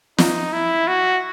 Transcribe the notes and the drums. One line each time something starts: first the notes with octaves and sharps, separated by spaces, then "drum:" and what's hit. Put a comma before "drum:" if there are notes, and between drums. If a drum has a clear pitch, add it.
D#4, drum: snare
E4
F#4